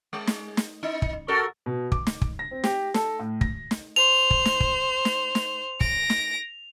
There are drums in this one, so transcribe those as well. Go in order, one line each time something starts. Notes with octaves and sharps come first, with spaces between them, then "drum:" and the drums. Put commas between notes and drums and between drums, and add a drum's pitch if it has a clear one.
G#3
drum: snare
drum: snare
D#4
drum: kick
F#4 A4 A#4
B2
D6, drum: kick
drum: snare
drum: kick
A#6
C4
G4, drum: snare
A4, drum: snare
A2
A#6, drum: kick
drum: snare
C5 F7
drum: kick
drum: snare
drum: kick
drum: snare
drum: snare
A#6 D7, drum: kick
drum: snare